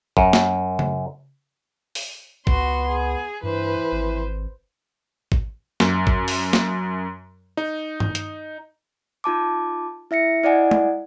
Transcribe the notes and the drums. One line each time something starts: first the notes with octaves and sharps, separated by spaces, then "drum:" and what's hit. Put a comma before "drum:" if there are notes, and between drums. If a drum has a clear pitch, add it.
F#2, drum: kick
drum: snare
drum: tom C#3
drum: open hi-hat
C#2 B3 F#4 C6, drum: kick
G#4
G2 E3 B4 C5
G#1
drum: kick
F#2, drum: snare
drum: kick
drum: open hi-hat
drum: snare
D#4
drum: tom G2
drum: hi-hat
D#4 F4 A5 D6
E4 E5 A#6 C#7
E4 D5 D#5 F#5 G#5
drum: tom G#3